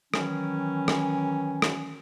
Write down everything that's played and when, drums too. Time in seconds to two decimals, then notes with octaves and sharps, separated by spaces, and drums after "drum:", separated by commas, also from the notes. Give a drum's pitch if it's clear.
0.14 D#3 E3 F#3 C#4, drum: rim click
0.88 drum: rim click
1.62 drum: rim click